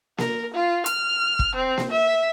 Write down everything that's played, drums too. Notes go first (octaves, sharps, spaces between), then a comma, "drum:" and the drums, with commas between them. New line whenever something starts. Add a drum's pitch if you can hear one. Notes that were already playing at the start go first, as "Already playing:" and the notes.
A#4, drum: snare A#3
F4
F6, drum: hi-hat
drum: kick
C4
drum: snare A#3
E5